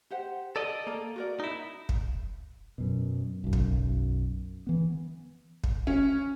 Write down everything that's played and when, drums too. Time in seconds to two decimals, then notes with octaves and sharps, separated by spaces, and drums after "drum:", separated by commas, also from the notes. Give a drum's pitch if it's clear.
0.11 G4 C5 F#5
0.56 A4 D5 D#5
0.87 A#3 A4 A#4
1.16 F#4 A#4 D5
1.40 D#4 E4
1.89 drum: kick
2.78 F#2 B2
3.44 B1 F#2
3.53 drum: kick
4.67 E3 B3
5.64 drum: kick
5.87 C#4